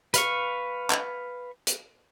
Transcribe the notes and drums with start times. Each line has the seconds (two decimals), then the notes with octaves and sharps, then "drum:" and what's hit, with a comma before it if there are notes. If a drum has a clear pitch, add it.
0.14 B4 F5 C#6, drum: hi-hat
0.90 drum: clap
1.67 drum: hi-hat